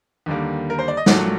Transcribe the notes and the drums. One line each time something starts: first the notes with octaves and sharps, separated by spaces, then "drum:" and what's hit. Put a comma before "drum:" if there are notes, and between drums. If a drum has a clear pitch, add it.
D#2 D3 G3 A#3
A#4
C5
D5
D#5
A#1 A#2 F#3 A3 F#5, drum: snare